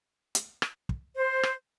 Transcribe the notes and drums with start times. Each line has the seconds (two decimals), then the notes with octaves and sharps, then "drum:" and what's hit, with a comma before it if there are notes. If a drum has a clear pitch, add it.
0.35 drum: hi-hat
0.62 drum: rim click
0.89 drum: kick
1.16 C5
1.43 drum: rim click